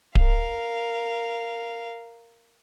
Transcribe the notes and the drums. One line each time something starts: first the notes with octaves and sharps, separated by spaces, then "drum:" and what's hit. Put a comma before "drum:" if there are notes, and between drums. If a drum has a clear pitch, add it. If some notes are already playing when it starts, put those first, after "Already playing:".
A#4 F5, drum: kick D1